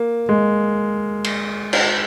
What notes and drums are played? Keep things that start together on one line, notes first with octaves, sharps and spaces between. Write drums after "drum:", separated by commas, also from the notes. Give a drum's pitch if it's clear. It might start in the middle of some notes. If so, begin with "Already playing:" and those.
Already playing: A#3
G#3
drum: cymbal
drum: cymbal